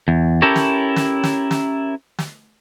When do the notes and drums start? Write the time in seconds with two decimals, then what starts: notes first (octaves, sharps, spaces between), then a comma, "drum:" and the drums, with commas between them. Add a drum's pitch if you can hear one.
0.08 E2
0.42 C#4 E4 G4 A4 A#4 C#5
0.56 drum: snare
0.96 drum: snare
1.24 drum: snare
1.51 drum: snare
2.19 drum: snare